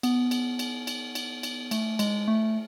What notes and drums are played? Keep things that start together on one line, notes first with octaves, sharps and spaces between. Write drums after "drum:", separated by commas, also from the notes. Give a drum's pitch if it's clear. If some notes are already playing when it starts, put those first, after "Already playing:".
B3, drum: cymbal
drum: cymbal
drum: cymbal
drum: cymbal
drum: cymbal
drum: cymbal
A3, drum: cymbal
G#3, drum: cymbal
A3